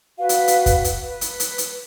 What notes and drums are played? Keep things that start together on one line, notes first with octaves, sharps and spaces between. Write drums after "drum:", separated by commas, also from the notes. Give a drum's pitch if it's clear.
F#4 B4 F5
drum: hi-hat
drum: hi-hat
drum: kick, hi-hat
drum: hi-hat
B4
drum: hi-hat
drum: hi-hat
drum: hi-hat